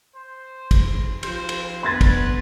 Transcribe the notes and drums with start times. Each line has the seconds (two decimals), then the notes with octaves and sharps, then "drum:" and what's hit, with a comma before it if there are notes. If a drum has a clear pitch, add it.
0.16 C5
0.71 drum: kick, cymbal
1.23 F3 G4 C5, drum: cymbal
1.49 drum: cymbal
1.83 B3 D4 B4 C6 G#6 A6
2.01 drum: kick, cymbal